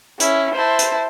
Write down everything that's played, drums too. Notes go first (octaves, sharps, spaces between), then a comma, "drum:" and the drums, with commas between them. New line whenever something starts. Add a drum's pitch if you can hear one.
C#4 E4, drum: hi-hat
E4 C5 A5
drum: hi-hat